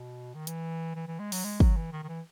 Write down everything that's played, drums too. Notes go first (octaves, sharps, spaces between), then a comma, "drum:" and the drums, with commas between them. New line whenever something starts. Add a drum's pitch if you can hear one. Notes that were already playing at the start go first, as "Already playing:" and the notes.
Already playing: B2
D#3
E3, drum: hi-hat
E3
E3
G#3
F#3, drum: open hi-hat
G#3
F#3, drum: kick
E3
D#3
D#3
E3